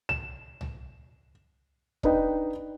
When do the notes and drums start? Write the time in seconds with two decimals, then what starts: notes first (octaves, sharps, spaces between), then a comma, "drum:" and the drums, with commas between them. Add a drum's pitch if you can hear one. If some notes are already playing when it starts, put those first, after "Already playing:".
0.09 E7, drum: tom C2
0.61 drum: tom C2
2.03 D4 D#4 B4 D#5 G5, drum: kick E1